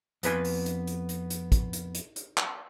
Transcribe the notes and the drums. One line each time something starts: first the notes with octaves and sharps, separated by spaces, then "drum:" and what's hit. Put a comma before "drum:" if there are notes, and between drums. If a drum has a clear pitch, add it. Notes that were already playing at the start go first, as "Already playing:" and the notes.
F2 B3 B4 G#5 C6, drum: hi-hat
drum: open hi-hat
drum: hi-hat
drum: hi-hat
drum: hi-hat
drum: hi-hat
drum: kick, hi-hat
drum: hi-hat
drum: hi-hat
drum: hi-hat
drum: clap